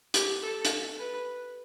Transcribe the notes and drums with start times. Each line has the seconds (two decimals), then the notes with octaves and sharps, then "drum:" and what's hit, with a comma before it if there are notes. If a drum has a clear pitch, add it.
0.14 G4, drum: hi-hat
0.42 A4
0.65 drum: hi-hat
0.99 B4